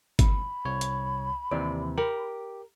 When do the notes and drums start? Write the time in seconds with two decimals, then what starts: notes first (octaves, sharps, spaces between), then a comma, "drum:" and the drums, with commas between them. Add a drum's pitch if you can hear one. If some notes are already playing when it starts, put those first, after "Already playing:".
0.19 B5, drum: kick, hi-hat
0.65 C2 C#5
0.81 drum: hi-hat
1.51 D#2 C3 E3 D5
1.98 G4 A#4